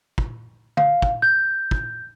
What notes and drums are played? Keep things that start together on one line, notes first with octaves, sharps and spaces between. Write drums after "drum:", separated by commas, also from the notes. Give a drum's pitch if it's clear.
drum: kick
F5, drum: tom
drum: kick
G6
drum: kick